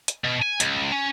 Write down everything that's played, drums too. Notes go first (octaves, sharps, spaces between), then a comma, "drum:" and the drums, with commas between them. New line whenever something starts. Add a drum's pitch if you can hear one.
drum: hi-hat
B2
G#5
C#2, drum: hi-hat
C#4